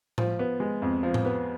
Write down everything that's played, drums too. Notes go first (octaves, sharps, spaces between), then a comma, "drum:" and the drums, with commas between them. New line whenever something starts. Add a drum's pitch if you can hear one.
F3, drum: tom A2
B3
G#3
F2
F3
drum: tom A2
B3